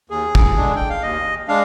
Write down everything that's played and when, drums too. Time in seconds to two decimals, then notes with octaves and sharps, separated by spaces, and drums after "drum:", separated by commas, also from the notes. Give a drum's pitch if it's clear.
0.10 D#2 G#4
0.35 drum: kick
0.57 D3 G#3 D4
0.76 G5
0.89 F5
1.02 D#2 D#5
1.48 G#3 D4 F5